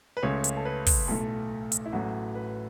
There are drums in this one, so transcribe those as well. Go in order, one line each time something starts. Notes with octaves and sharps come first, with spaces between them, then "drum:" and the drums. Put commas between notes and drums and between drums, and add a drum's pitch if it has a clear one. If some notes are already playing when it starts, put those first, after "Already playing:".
B4
C#2 C#3 A3 C#5
drum: hi-hat
A4
B4
drum: kick, open hi-hat
B1 A2 A3 A4
drum: hi-hat
E4
A1 A2 F#3 A3 F#4
B4